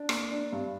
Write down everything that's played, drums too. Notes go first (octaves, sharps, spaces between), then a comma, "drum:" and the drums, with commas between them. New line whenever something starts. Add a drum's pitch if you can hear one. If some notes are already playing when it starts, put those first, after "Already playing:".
Already playing: D4
A#3, drum: rim click
D4
G2